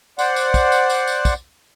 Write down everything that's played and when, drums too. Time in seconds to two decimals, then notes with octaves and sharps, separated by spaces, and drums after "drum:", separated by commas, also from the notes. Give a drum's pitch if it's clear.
0.19 C5 D5 F#5, drum: tambourine
0.36 drum: tambourine
0.54 drum: kick, tambourine
0.72 drum: tambourine
0.90 drum: tambourine
1.07 drum: tambourine
1.25 drum: kick, tambourine